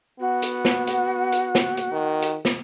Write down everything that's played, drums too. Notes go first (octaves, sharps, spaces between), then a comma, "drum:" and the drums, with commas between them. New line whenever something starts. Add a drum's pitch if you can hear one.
B3 F#4
drum: hi-hat
drum: snare
drum: hi-hat
drum: hi-hat
drum: snare
drum: hi-hat
D#3
drum: hi-hat
drum: snare